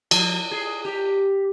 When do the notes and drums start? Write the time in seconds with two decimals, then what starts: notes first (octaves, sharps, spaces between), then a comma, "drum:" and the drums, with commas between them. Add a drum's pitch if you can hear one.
0.11 F3, drum: cymbal
0.51 G#4
0.85 G4